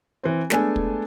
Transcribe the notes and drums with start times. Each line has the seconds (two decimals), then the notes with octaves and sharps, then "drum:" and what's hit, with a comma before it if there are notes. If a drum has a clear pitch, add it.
0.24 E3 C4
0.50 G#3 A3 B3 D4 A4 G#5, drum: snare
0.76 drum: kick